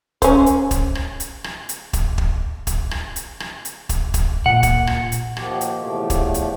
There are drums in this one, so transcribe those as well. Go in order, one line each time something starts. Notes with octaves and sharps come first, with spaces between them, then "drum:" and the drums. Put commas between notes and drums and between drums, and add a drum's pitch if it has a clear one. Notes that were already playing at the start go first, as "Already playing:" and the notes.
C#4 C5, drum: kick, hi-hat
drum: hi-hat
drum: kick, hi-hat
drum: rim click
drum: hi-hat
drum: rim click
drum: hi-hat
drum: kick, hi-hat
drum: kick
drum: kick, hi-hat
drum: rim click
drum: hi-hat
drum: rim click
drum: hi-hat
drum: kick, hi-hat
drum: kick, hi-hat
A#2 F#5
drum: kick, hi-hat
drum: rim click
drum: hi-hat
D#2 D#3 F3 A#3 F#4 G4, drum: rim click
drum: hi-hat
E2 A2 C3 F3 A3 G4
drum: kick, hi-hat
drum: hi-hat